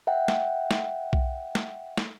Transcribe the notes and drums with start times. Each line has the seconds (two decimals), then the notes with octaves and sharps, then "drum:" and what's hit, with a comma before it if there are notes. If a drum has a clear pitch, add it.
0.07 E5 F#5 G5
0.28 drum: snare
0.71 drum: snare
1.13 drum: kick B1
1.55 drum: snare
1.97 drum: snare